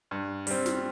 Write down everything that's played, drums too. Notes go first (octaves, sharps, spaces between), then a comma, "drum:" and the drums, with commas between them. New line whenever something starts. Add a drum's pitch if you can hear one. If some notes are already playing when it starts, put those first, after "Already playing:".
G2
G3 C4, drum: open hi-hat
drum: snare